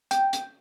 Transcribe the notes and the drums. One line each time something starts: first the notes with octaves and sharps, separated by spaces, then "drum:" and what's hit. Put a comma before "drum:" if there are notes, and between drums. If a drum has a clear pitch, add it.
G5, drum: hi-hat
drum: hi-hat